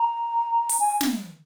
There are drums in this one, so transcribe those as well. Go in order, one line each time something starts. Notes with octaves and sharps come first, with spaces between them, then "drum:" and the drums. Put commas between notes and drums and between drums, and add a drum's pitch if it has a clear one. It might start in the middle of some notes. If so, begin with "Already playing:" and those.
Already playing: A#5
drum: open hi-hat
G#5
drum: snare